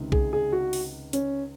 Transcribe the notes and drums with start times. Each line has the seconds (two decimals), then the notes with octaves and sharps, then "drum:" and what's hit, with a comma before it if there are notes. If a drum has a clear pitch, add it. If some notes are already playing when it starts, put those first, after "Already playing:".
Already playing: C#2 C3 D#3
0.12 G#4, drum: kick B1
0.33 G#4
0.53 F#4
0.73 drum: open hi-hat
1.13 C#4, drum: hi-hat